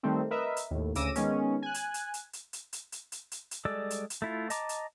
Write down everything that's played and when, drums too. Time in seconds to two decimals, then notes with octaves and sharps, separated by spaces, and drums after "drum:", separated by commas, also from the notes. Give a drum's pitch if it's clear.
0.03 D#3 G3 A3 C4
0.31 A#4 B4 D#5 E5
0.57 drum: hi-hat
0.71 D#2 A2
0.95 D2 C#3 D6 E6 A#6 D#7, drum: hi-hat
1.15 D#3 G#3 B3 C#4, drum: hi-hat
1.62 G#5 F#6
1.74 drum: hi-hat
1.94 drum: hi-hat
2.14 drum: hi-hat
2.33 drum: hi-hat
2.53 drum: hi-hat
2.73 drum: hi-hat
2.92 drum: hi-hat
3.12 drum: hi-hat
3.32 drum: hi-hat
3.51 drum: hi-hat
3.65 G3 G#3 A4 D5 E6
3.90 drum: hi-hat
4.10 drum: hi-hat
4.22 A3 E4 F4
4.50 D#5 A5 A#5 D6, drum: hi-hat
4.69 drum: hi-hat